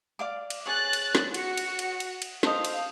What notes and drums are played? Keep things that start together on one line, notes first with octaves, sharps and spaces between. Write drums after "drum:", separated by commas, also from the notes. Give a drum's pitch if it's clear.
D5 F5 D6
drum: cymbal
G#4 C#5 F#6 A6
drum: cymbal
drum: snare
F#4 C#7, drum: cymbal
drum: cymbal
drum: cymbal
drum: cymbal
drum: cymbal
A4 C5 D#5 F5, drum: snare
drum: cymbal